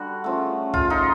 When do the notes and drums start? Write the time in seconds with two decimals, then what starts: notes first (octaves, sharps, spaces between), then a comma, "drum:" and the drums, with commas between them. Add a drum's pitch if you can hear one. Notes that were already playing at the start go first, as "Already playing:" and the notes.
Already playing: D3 G3 F#4
0.24 C#3 F3 A3
0.74 F4, drum: kick
0.90 D#4